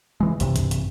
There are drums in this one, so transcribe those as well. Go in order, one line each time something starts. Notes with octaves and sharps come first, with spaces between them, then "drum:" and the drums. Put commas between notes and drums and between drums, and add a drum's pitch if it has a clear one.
E3 G#3
B1 G2 C3 E3, drum: hi-hat
drum: kick B1, hi-hat
drum: hi-hat